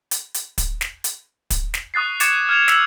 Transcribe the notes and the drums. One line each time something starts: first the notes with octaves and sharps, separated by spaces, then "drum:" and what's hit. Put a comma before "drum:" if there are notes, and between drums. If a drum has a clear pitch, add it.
drum: hi-hat
drum: hi-hat
drum: kick, hi-hat
drum: snare
drum: hi-hat
drum: kick, hi-hat
drum: snare
C#6 D#6 F#6 A6 C7
C#6 D6 G#6 A6 C#7 E7, drum: hi-hat
F6 G#6 F7
E6, drum: snare